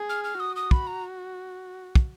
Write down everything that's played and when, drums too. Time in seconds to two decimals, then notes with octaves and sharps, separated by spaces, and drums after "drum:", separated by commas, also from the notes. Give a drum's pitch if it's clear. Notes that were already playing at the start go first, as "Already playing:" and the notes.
Already playing: G#4
0.09 F6
0.24 F6
0.40 F#4 D#6
0.56 D#6
0.71 B5, drum: kick
0.87 A#5
1.95 drum: kick